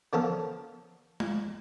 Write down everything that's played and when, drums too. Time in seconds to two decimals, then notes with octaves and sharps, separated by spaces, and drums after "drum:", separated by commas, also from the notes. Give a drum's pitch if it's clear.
0.13 D3 F3 B3 C#4 A4 A#4
1.20 drum: tom G#3